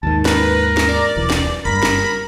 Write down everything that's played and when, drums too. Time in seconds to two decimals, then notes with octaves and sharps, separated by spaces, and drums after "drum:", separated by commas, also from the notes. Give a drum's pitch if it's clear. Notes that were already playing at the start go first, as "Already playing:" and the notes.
0.03 D#2 G#2 D#3 A5
0.25 A#4 B4, drum: snare
0.77 drum: snare
0.89 D5
1.16 D#1 B1 E3
1.30 drum: snare
1.65 F#1 G2 A#4 B5
1.83 drum: snare